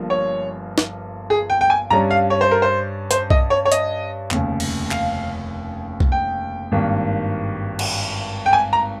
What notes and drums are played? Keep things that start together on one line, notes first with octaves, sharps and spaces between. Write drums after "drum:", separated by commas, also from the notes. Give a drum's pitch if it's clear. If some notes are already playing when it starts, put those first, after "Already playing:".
Already playing: G1 G2 F3 A#3
C#5
drum: snare
G#4
G5
G5
G#5
G2 G3 C#4 A#5
F5
C#5
C5
A#4
C5
C5, drum: hi-hat
D#5, drum: kick B1
C#5
C#5
D#5, drum: hi-hat
F1 D#2 C#3, drum: clap
drum: cymbal
F5, drum: clap
drum: kick B1
G5
G#1 G2 D#3 A#3
drum: cymbal
G5
G#5
A#5